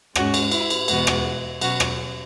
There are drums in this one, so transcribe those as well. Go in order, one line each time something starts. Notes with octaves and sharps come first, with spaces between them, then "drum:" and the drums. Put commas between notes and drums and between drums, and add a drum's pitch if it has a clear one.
G#2 G#3 C#4 F#4, drum: rim click
drum: cymbal
E4, drum: cymbal
drum: cymbal
E2 B2 G#3 B3 F#4, drum: cymbal
drum: rim click
B2 F#3 C#4 F#4, drum: cymbal
drum: rim click